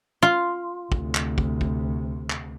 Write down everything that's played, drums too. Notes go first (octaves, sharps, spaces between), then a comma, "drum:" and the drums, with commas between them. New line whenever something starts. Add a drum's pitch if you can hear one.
F4
D2 C3, drum: kick
drum: clap
drum: kick
drum: kick
drum: clap